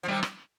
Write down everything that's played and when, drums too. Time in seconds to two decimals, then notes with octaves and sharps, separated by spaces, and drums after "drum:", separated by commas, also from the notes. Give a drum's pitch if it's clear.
0.03 F3
0.08 C3 D#3 G3
0.23 drum: rim click